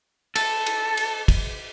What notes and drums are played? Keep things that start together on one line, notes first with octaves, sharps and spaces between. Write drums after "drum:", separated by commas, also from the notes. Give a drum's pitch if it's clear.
A4, drum: cymbal
drum: cymbal
drum: cymbal
drum: kick, cymbal